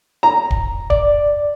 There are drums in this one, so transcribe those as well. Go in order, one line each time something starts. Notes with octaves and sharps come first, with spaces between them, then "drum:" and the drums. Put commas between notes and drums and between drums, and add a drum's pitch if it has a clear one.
A#5
drum: kick
D5, drum: kick